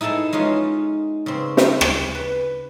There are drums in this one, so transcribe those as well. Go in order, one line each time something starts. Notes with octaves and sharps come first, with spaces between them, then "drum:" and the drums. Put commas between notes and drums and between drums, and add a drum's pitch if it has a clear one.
D#4 E4 G#4 A4 A5
G#3 C#4 D#4 F4
C#3 C4
drum: snare
drum: rim click
B4